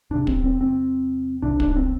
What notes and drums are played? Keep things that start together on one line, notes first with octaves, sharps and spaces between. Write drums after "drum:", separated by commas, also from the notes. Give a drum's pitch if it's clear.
E2 C3 D4
C4, drum: kick
C4
C4
C2 C3 D4
D4, drum: kick
D4
C4